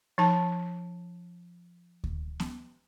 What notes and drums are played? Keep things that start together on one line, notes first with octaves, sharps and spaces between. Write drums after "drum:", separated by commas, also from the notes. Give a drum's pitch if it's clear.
F3 D#4 A5
drum: kick D2
drum: snare